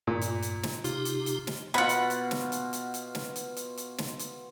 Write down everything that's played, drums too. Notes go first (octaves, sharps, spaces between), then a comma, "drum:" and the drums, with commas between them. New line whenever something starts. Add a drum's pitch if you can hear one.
G2 A#2
drum: hi-hat
drum: hi-hat
drum: snare
C3 D#4 F4 G4, drum: hi-hat
drum: hi-hat
drum: hi-hat
drum: snare
B2 F4 F#5 B5
drum: hi-hat
drum: hi-hat
drum: snare
drum: hi-hat
drum: hi-hat
drum: hi-hat
drum: snare
drum: hi-hat
drum: hi-hat
drum: hi-hat
drum: snare
drum: hi-hat